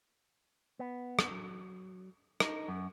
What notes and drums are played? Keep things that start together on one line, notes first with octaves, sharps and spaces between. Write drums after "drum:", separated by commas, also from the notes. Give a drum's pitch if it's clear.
B3
drum: rim click
F#3
D#4, drum: rim click
F#2